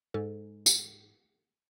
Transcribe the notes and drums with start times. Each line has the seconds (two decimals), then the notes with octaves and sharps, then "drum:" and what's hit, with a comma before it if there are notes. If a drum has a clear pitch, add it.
0.14 G#2 A4
0.66 drum: tambourine